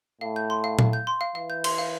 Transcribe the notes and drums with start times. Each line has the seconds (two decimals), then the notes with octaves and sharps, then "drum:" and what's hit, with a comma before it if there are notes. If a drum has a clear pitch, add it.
0.21 A2 F5
0.36 G6
0.50 C6
0.64 F5
0.79 F5, drum: tom A#2
0.93 G6
1.07 C6
1.21 F5
1.35 E3 F5
1.50 G6
1.64 C6, drum: cymbal
1.78 F5